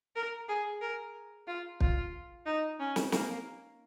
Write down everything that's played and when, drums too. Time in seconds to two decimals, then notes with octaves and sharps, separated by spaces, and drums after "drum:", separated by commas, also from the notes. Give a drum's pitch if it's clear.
0.16 A#4
0.48 G#4
0.81 A#4
1.47 F4
1.80 F4, drum: kick
2.46 D#4
2.79 C#4
2.96 drum: snare
3.12 A#3, drum: snare